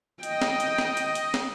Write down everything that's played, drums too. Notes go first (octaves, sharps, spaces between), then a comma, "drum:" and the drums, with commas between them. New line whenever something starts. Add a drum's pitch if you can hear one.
D#5 G5, drum: hi-hat
drum: snare
drum: hi-hat
drum: snare
drum: hi-hat
drum: hi-hat
drum: snare